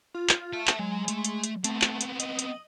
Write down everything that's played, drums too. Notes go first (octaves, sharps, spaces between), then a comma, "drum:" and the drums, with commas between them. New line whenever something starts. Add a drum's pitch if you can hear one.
F4
drum: clap
E5 A5
drum: clap
F#3 G#3
A3, drum: hi-hat
drum: hi-hat
drum: hi-hat
A3 B3 C4, drum: hi-hat
drum: clap
drum: hi-hat
D#5, drum: hi-hat
drum: hi-hat